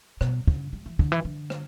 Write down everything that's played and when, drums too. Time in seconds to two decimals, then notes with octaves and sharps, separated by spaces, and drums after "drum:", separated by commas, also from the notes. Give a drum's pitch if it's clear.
0.21 B2, drum: rim click
0.48 C#3, drum: kick
0.73 G3
0.86 E3
0.99 D3, drum: kick
1.12 E3
1.25 D3
1.50 drum: rim click